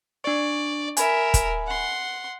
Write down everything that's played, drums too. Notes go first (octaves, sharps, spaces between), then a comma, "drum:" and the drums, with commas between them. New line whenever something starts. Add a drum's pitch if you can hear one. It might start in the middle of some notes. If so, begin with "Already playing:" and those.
D4 D5 C#6
A#4 E5 G#5 B5, drum: hi-hat
drum: kick, hi-hat
F#5 C6